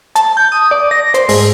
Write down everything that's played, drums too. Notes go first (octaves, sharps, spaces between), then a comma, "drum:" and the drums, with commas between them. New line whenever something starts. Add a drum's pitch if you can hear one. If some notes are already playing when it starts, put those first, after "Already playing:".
A5, drum: hi-hat
G6
D#6
D5
A#6
C5, drum: hi-hat
G#2, drum: open hi-hat